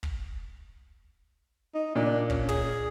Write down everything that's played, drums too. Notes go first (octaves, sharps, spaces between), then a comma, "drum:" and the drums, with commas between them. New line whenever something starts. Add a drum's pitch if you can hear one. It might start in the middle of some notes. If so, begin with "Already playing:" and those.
drum: kick
D#4
A#2 D4
C#4, drum: kick
G#4, drum: tom